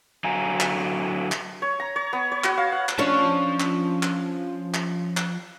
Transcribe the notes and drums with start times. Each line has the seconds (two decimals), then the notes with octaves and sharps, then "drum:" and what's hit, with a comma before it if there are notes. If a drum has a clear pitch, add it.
0.24 D3 F#3 F5 G#5 A#5
0.60 drum: clap
1.32 drum: clap
1.62 C#5
1.80 A#5
1.96 C#5
2.13 B3
2.32 C#5
2.44 F#4, drum: clap
2.58 F5
2.72 F#5
2.89 drum: clap
2.98 F3 C#4 D4 C#5 A5
3.60 drum: clap
4.03 drum: clap
4.74 drum: clap
5.17 drum: clap